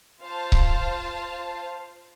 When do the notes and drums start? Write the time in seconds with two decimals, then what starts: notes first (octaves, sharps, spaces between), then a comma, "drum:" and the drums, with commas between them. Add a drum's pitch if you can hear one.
0.22 F4 C5 F5 A5
0.52 drum: kick C#1